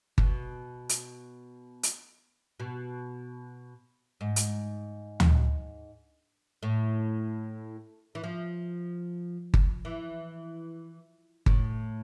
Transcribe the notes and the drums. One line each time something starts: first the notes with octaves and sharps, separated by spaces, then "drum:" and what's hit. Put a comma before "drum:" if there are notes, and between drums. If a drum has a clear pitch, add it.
B2, drum: kick G1
drum: hi-hat
drum: hi-hat
B2
G#2
drum: hi-hat
drum: tom D2
A2
E3
F3
drum: kick G1
E3
A2, drum: kick G1